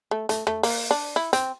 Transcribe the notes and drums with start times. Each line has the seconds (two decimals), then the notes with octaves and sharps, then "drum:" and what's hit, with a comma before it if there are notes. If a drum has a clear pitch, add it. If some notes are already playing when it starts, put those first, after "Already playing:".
0.11 A3
0.29 A3, drum: hi-hat
0.47 A3, drum: rim click
0.63 A#3, drum: open hi-hat
0.91 D4
1.16 E4
1.33 C4, drum: hi-hat